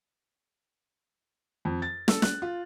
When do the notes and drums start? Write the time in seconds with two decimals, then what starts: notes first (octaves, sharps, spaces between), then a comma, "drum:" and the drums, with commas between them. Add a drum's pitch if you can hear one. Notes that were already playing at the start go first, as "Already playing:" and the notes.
1.65 F2
1.82 A6
2.08 A4, drum: snare
2.22 F#6, drum: snare
2.42 F4